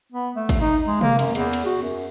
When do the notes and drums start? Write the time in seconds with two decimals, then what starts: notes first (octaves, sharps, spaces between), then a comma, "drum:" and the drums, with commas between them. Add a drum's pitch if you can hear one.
0.12 B3
0.36 A3
0.49 drum: kick, cymbal
0.61 D#4
0.87 G#3
1.01 A#3, drum: tom C3
1.19 F#2, drum: cymbal
1.35 E2, drum: cymbal
1.53 drum: cymbal
1.66 F#4
1.82 F#2